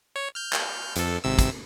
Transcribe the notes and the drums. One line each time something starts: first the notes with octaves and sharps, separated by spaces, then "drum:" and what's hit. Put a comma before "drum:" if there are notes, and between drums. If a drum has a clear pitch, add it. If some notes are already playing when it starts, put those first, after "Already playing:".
C#5
F6 G6
drum: clap
F2 A4, drum: hi-hat
G#1 C3 E6
drum: kick, hi-hat